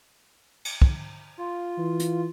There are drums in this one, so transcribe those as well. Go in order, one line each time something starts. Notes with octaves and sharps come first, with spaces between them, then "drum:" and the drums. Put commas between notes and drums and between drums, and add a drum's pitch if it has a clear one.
drum: cymbal
drum: kick
F4
E3
drum: hi-hat